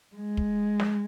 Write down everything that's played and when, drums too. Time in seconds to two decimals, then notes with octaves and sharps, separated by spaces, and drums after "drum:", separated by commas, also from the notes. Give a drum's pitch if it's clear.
0.16 G#3
0.37 drum: kick
0.80 drum: snare